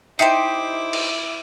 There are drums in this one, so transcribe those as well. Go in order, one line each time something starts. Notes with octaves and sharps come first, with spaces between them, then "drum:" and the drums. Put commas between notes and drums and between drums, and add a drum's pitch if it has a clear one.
D#4 E4 G4 C5 E5 D6 C7
drum: cymbal